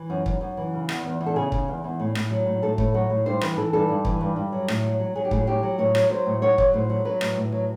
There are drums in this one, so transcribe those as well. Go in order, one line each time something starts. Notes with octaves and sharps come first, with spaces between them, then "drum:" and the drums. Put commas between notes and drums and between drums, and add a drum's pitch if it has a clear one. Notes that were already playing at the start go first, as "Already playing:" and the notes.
Already playing: E3
F#2
F#2, drum: kick
F#2
E3
C#3
E2, drum: rim click
E2
E2
A4
C#3 G#4
C#3, drum: kick
E2
E2
A2
A2, drum: rim click
F#3
A2
A2 A4
A2, drum: kick
F#3 C#5
A2
G2 C5
E3 B4, drum: rim click
E3 A4
G2 A4
G2
E3, drum: kick
G2
G2
F#3
A2, drum: rim click
F#3
F#3
F#3 G#4
G4
A2 G#4, drum: kick
F#3 G4
F#3
A2 C#5
F#3, drum: rim click
F#3 C5
A2
F#3 C#5
F#3, drum: kick
A2 C5
F#3
F#3 B4
A2, drum: rim click
A2
F#3